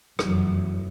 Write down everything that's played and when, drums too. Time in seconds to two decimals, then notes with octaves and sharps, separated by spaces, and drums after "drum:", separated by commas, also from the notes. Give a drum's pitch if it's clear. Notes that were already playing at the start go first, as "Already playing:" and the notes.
0.19 F1 F#2 E3 F#3, drum: rim click